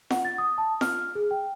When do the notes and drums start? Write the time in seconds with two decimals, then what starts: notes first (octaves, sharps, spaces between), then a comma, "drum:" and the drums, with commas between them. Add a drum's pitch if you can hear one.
0.10 F#5, drum: snare
0.25 A6
0.38 D#6
0.58 A5
0.81 F6, drum: snare
1.15 G#4
1.31 G5